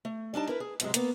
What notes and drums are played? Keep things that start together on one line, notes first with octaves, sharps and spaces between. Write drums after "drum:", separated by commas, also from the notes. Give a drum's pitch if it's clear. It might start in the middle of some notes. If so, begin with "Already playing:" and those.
A3
G3 D4 D#4 A5
E4 A#4 B4
G#4
G#2 C3 F#3 G#3, drum: hi-hat
A#3 B3, drum: hi-hat